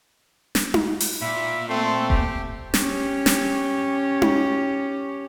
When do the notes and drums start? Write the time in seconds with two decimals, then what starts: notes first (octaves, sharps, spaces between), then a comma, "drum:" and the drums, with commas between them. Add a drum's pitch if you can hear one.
0.55 drum: snare
0.74 drum: tom D#4
1.00 drum: open hi-hat
1.22 A#2 E5 B5
1.69 A3 C4 C6
2.10 G4, drum: kick E1
2.74 C#4 G4, drum: snare
3.26 drum: snare
4.22 drum: tom D#4